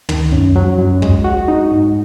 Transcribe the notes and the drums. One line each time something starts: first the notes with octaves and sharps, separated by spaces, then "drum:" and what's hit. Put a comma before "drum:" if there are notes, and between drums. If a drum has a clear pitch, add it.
D#3, drum: tom
F#2
F#3
F#2
G#3, drum: kick
F#4
D#4
G#2